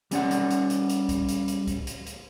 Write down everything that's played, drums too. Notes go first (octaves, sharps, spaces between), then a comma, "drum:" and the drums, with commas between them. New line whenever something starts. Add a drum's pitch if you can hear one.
G3 C#4 D5 F#5, drum: hi-hat
drum: hi-hat
drum: hi-hat
drum: hi-hat
drum: hi-hat
drum: kick C2, hi-hat
drum: hi-hat
drum: hi-hat
drum: kick C2, hi-hat
drum: hi-hat
drum: hi-hat